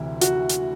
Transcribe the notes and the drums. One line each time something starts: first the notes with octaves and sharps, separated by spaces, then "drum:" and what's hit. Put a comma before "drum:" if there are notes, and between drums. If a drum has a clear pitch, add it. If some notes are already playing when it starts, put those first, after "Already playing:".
Already playing: D2 C3 E3 E4
F#4, drum: hi-hat
drum: hi-hat